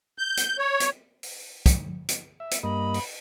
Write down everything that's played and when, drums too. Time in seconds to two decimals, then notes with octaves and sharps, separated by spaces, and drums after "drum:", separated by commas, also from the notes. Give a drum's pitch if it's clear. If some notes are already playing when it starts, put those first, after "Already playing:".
0.18 G6
0.37 drum: hi-hat
0.59 C#5
0.80 drum: hi-hat
1.23 drum: open hi-hat
1.66 drum: kick, hi-hat
2.09 drum: hi-hat
2.40 E5
2.51 drum: hi-hat
2.63 G2 A#3 D#5 B5
2.94 drum: open hi-hat